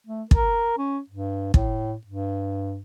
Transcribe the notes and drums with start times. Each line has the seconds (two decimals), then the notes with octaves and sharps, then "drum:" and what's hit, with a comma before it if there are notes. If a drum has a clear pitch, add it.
0.07 A3
0.31 A#4, drum: kick
0.78 C#4
1.10 G2
1.54 A2, drum: kick
2.07 G2